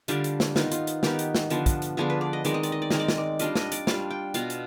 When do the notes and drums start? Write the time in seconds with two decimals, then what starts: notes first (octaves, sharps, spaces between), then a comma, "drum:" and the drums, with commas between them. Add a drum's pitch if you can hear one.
0.08 D3 G3 D4 F4 G4, drum: hi-hat
0.24 drum: hi-hat
0.40 drum: snare
0.56 D#3 B3 D#4 F4, drum: snare
0.71 F4, drum: hi-hat
0.87 drum: hi-hat
1.03 D#3 B3 D#4 G4, drum: snare
1.19 drum: hi-hat
1.35 drum: snare
1.50 D3 F3 B3 D4, drum: hi-hat
1.66 drum: kick, hi-hat
1.82 drum: hi-hat
1.97 D3 F3 B3 D4 G#4
2.10 B4
2.21 D5
2.33 D#5
2.45 D#3 G#3 C4 D5, drum: hi-hat
2.54 D#5
2.63 D5, drum: hi-hat
2.72 D#5
2.82 D5
2.90 D#3 G#3 C4 D#5, drum: snare
3.00 D5
3.08 D#5, drum: snare
3.18 D5
3.39 G3 D4 F4 D#5, drum: hi-hat
3.55 D#5, drum: snare
3.72 D5, drum: hi-hat
3.87 G3 D4 F4 F5, drum: snare
4.10 G5
4.34 B2 B3 F4 F5, drum: hi-hat
4.50 drum: hi-hat